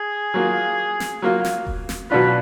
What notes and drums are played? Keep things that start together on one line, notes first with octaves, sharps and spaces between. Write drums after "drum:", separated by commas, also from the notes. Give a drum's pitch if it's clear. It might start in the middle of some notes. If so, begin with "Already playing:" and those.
Already playing: G#4
F#3 A#3 F4
drum: snare
F#3 A#3 F4
drum: snare
drum: kick E1
drum: snare
B2 F#3 D4 F4 B4